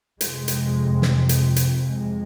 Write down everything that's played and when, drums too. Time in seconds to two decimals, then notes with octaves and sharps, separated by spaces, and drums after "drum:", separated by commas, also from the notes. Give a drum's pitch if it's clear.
0.21 F2 C3 G#3, drum: hi-hat
0.48 drum: hi-hat
1.02 drum: snare
1.29 drum: hi-hat
1.56 drum: hi-hat
1.83 G#3